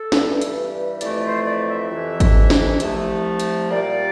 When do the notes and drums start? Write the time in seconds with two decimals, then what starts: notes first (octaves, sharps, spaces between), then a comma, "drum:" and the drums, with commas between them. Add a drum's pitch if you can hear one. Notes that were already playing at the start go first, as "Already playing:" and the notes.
Already playing: A4
0.12 G2 E3 G3, drum: snare
0.41 drum: hi-hat
1.01 F2 E3 A3 D5, drum: hi-hat
1.24 C5
1.45 D5
1.69 E5
1.91 F2 C3 E3
2.20 drum: kick G#1, hi-hat
2.50 drum: snare
2.80 C2 C3 F3 A3, drum: hi-hat
3.40 drum: hi-hat
3.70 A#2 G3 A#3 D5